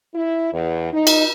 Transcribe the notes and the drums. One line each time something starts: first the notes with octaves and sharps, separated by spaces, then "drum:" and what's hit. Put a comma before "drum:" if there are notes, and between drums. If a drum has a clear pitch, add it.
E4
E2
D#4
drum: cymbal